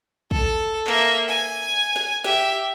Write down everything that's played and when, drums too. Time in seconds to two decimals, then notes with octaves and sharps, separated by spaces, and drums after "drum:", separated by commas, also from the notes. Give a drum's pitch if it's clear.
0.31 A4, drum: kick
0.87 A#3 E5, drum: clap
1.28 G#5
1.96 drum: snare
2.24 G4 E5, drum: snare